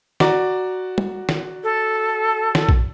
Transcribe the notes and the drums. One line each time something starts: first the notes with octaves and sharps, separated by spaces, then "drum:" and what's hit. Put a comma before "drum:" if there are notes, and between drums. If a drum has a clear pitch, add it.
F#4 D5 A#5, drum: snare
drum: tom
drum: snare
A4
drum: snare
drum: kick